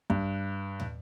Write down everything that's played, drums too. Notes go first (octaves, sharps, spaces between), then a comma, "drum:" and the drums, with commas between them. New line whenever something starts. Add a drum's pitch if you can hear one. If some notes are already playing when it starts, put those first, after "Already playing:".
G2, drum: kick
drum: tom